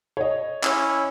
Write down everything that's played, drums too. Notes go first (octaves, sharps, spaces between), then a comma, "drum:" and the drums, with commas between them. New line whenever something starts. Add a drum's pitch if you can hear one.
C#5 D#5
C#4 E4, drum: clap